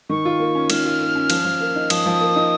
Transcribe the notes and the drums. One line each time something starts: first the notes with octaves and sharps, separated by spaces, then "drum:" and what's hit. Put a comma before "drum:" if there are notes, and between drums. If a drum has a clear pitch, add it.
D#3 C#6
F4
A#3
C#4
D#3 F6, drum: cymbal
F4
A#3
C#4
F3, drum: cymbal
F3
A#3
D#4
F3 D#6, drum: cymbal
F3
A#3
D#4